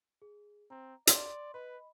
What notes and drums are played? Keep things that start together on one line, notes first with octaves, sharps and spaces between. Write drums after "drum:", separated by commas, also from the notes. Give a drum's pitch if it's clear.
G#4
C4 A#5
D5 C6, drum: hi-hat
B4 D#5 B5